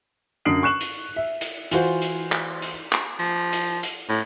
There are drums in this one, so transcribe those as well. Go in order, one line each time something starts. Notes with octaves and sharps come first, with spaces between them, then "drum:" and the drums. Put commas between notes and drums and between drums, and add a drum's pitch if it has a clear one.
F#2 D3 D#6 C7 D7 F#7
C#6 F#6 E7 F#7
drum: hi-hat
E5
drum: hi-hat
E3 F4 F#4 C5, drum: hi-hat
drum: hi-hat
drum: clap
drum: hi-hat
drum: clap
F3
drum: hi-hat
drum: hi-hat
A2